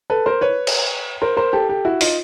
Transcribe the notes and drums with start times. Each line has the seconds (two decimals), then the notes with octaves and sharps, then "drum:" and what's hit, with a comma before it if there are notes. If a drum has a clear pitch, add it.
0.10 A4 B4
0.26 A#4 C5
0.41 B4 C#5
0.67 drum: cymbal
1.22 A#4 C5
1.37 A#4 C5
1.53 G4 A4
1.69 G4 A4
1.85 E4 F#4
2.01 D#4 F4, drum: open hi-hat